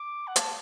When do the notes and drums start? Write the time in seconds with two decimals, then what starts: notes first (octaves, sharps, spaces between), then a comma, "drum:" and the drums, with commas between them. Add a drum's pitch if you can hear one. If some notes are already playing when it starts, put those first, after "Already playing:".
Already playing: D6
0.27 F#5
0.36 A5, drum: hi-hat